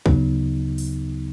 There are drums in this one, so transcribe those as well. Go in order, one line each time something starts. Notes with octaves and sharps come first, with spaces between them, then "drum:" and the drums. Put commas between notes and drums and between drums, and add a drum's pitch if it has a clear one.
D2 C#3 F#3 B3 D#4, drum: kick
drum: open hi-hat